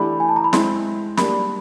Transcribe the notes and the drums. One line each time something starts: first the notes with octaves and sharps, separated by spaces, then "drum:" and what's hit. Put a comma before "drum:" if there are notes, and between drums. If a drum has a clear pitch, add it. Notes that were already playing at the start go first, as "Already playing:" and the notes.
Already playing: E3 A3 D4 G4 B5
G#5
A5
A#5
B5
G#3 C4 E4 C6, drum: snare
G3 A#3 D4 B5, drum: snare